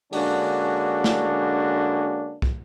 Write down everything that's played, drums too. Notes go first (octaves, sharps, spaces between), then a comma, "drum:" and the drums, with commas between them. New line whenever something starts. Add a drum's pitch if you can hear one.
D3 G#3 A#3 C#4 D4 F#4, drum: open hi-hat
drum: snare
drum: kick